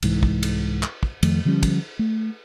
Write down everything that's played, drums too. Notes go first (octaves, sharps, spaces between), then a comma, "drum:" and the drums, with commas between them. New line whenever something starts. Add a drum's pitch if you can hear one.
C2 G#2 E3, drum: cymbal
drum: kick
drum: cymbal
drum: clap
drum: kick
F2 D#3 F3 A3, drum: cymbal
D3 F3 G3 C#4
drum: kick, cymbal
A3